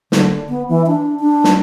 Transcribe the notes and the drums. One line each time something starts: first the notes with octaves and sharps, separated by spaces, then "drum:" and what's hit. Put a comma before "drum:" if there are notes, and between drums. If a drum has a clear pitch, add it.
D3, drum: snare
B3
E3
D4
D4
drum: snare